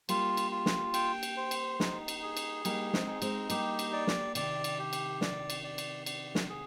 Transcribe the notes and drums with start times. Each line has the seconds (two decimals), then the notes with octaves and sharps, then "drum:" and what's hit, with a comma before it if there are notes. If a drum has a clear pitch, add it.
0.09 G3 A#3 F4, drum: cymbal
0.37 drum: cymbal
0.51 F4
0.66 drum: snare
0.94 G5, drum: cymbal
1.23 drum: cymbal
1.37 C5
1.51 drum: cymbal
1.80 D#4, drum: snare
2.08 drum: cymbal
2.22 G#4
2.37 drum: cymbal
2.65 G3 A#3 D#4, drum: cymbal
2.93 G#3 C4, drum: snare
3.07 D#4
3.22 G#3 C4, drum: cymbal
3.50 G3 A#3 G4, drum: cymbal
3.79 drum: cymbal
3.93 D5
4.07 drum: snare
4.35 C3 D#3 D5, drum: cymbal
4.64 drum: cymbal
4.79 G4
4.93 drum: cymbal
5.21 D5, drum: snare
5.50 drum: cymbal
5.64 D5
5.78 drum: cymbal
6.06 D5, drum: cymbal
6.35 drum: snare
6.49 G#4